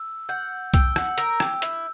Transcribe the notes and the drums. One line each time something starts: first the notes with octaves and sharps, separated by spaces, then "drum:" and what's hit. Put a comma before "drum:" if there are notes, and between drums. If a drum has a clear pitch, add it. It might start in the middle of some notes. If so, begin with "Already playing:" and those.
Already playing: E6
F#5 G6
G5 E6, drum: kick C2, hi-hat
F#5, drum: rim click
A#4 E6, drum: hi-hat
G4, drum: rim click
E4 E6, drum: hi-hat